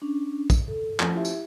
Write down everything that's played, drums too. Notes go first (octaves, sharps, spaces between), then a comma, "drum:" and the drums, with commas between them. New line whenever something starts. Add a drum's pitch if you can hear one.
C#4 D4
drum: kick, tambourine
A4
F3 A3 C#4, drum: clap
E4 G4 E5
drum: tambourine